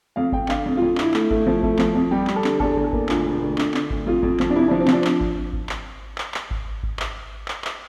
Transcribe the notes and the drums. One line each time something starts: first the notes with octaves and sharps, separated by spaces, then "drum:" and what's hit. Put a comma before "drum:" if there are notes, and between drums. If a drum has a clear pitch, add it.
F2 F5
F2 G5, drum: kick G#1
D3 F5, drum: clap
F2
F2 F4
D3 E4, drum: clap
A3, drum: clap
A3, drum: kick G#1
F3
A3, drum: kick G#1
F3, drum: clap
F2
G3 G4
G3, drum: clap
A4
D3, drum: clap
E2 A4, drum: kick G#1
E2
A4
A#3, drum: kick G#1
D2 F4, drum: clap
E1
D2
D3, drum: clap
D3, drum: clap
D2, drum: kick G#1
F2 F4
F2, drum: kick G#1
F3, drum: clap
D4
C3 E4
F3 D4
C4
F3 D4, drum: clap
drum: clap
drum: kick G#1
drum: kick G#1
drum: clap
drum: clap
drum: clap
drum: kick G#1
drum: kick G#1
drum: clap
drum: clap
drum: clap